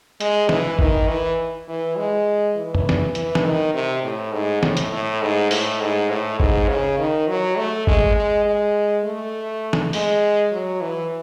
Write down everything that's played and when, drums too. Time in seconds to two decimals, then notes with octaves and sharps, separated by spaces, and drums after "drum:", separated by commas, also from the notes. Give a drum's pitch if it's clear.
0.21 G#3, drum: hi-hat
0.49 E3, drum: snare
0.79 D#3, drum: kick G#1
1.08 E3
1.68 E3
1.97 G#3
2.56 E3
2.75 drum: tom
2.89 drum: snare
3.15 E3, drum: hi-hat
3.35 drum: snare
3.45 D#3
3.74 C3
4.03 A2
4.32 G#2
4.63 A2, drum: snare
4.77 drum: hi-hat
4.92 A2
5.22 G#2
5.51 A2, drum: open hi-hat
5.81 G#2
6.09 A2
6.40 G#2, drum: kick G#1
6.69 C#3
6.98 D#3
7.28 F#3
7.57 A3
7.87 G#3, drum: kick G#1
8.16 G#3
8.45 G#3
9.04 A3
9.73 drum: snare
9.93 G#3, drum: open hi-hat
10.52 F#3
10.81 E3